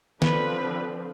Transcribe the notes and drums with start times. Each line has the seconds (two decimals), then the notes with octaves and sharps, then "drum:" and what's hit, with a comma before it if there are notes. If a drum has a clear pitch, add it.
0.22 D3 F3 C4 B4, drum: snare